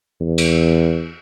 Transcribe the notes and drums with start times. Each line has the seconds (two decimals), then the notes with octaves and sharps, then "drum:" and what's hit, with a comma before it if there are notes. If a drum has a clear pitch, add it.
0.21 E2
0.38 drum: cymbal